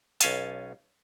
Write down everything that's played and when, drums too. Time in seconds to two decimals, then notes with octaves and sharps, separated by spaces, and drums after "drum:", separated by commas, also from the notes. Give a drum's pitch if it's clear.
0.20 B1 C#4 F5 G#5 A5, drum: hi-hat